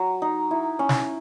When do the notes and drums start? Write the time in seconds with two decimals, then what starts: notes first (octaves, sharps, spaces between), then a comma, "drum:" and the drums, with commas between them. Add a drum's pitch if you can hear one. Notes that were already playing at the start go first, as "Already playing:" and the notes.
Already playing: F#3
0.22 D#4
0.51 E4
0.79 C#4
0.89 drum: snare